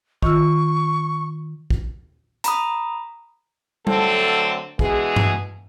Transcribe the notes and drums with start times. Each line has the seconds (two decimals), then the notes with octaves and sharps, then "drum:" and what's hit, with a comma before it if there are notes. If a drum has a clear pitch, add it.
0.23 D#3 F4 C#6 E6, drum: kick
1.70 drum: kick
2.44 A#5 B5 D#6, drum: hi-hat
3.87 D3 F#3 A3 C4 A4, drum: tom G3
4.79 B2 E3 G#3 G#4, drum: kick
5.16 drum: tom G2